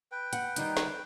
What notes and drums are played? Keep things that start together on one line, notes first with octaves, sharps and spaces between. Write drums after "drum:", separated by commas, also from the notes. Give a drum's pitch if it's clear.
B4 G5
F#5, drum: hi-hat
D#3 G3 D#4, drum: hi-hat
drum: snare